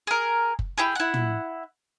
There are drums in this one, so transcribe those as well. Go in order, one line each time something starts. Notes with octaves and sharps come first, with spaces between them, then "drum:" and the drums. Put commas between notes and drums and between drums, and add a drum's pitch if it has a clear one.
G#4 A#4
drum: kick F#1
E4 G4 G#4
E4 F#5
drum: tom